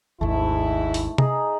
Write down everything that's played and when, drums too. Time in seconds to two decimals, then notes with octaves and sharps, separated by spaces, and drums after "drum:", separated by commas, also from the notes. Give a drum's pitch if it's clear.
0.21 G#1 D#2 G#2 A3 E4
0.94 drum: open hi-hat
1.18 D#4 G#4, drum: tom C3